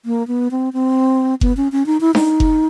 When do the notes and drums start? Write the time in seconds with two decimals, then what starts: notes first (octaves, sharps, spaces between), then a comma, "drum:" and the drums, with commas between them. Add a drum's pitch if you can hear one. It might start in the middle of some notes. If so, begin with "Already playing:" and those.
0.05 A#3
0.28 B3
0.51 C4
0.73 C4
1.41 B3, drum: kick F#1
1.57 C#4
1.72 C#4
1.86 D#4
2.01 E4
2.15 D#4, drum: snare D4
2.40 drum: kick F#1